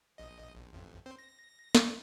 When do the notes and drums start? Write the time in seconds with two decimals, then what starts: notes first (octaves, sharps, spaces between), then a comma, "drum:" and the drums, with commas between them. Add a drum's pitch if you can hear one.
0.18 A#1 D#5
0.56 A#1
0.73 A1 F2
1.06 C4 C5
1.19 A#6
1.75 drum: snare